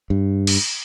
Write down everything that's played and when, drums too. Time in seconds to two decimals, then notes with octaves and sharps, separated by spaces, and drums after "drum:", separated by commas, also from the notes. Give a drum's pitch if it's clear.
0.10 G2
0.47 drum: cymbal